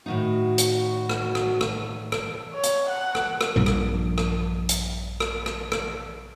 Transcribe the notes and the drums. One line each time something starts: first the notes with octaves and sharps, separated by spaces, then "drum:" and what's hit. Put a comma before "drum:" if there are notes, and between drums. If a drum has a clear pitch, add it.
A2 D#3 D#4 F#4
drum: hi-hat
drum: rim click
drum: rim click
drum: rim click
drum: rim click
C#5
drum: hi-hat
F#5
drum: rim click
drum: rim click
A#1 G2 F3
drum: rim click
drum: rim click
drum: hi-hat
drum: rim click
drum: rim click
drum: rim click